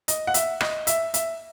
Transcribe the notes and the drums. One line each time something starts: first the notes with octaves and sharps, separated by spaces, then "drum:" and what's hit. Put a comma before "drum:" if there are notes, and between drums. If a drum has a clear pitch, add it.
D#5, drum: hi-hat
F#5
E5, drum: hi-hat
D#5, drum: rim click
E5, drum: hi-hat
E5, drum: hi-hat